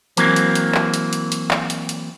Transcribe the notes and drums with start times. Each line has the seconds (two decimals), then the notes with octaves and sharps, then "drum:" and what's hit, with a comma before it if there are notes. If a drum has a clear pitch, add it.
0.17 E3 F#3 A#3 C4, drum: hi-hat
0.36 drum: hi-hat
0.55 drum: hi-hat
0.75 drum: clap
0.94 drum: hi-hat
1.13 drum: hi-hat
1.32 drum: hi-hat
1.51 drum: clap
1.70 drum: hi-hat
1.89 drum: hi-hat